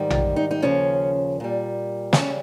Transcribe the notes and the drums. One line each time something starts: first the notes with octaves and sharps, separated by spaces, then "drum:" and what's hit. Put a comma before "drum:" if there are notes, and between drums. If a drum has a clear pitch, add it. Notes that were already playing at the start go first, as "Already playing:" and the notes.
Already playing: G#2 D#3 G3
F4, drum: tom A#1
D#4
D#4
D#2 C#3 F3 C#4
A#2 G3
C4, drum: snare
C#3 G3 C#4